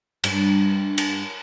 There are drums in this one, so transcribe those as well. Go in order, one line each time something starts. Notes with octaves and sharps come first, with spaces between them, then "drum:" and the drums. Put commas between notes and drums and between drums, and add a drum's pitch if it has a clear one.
G2 D4, drum: cymbal
drum: cymbal